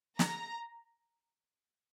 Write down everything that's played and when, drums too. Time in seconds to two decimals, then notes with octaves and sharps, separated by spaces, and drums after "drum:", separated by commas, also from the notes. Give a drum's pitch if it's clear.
0.19 A#5, drum: snare